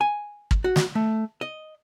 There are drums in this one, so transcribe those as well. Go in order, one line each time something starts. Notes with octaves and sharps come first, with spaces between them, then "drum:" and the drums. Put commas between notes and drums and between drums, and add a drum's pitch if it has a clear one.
G#5
drum: kick
F#4
drum: snare
A3
D#5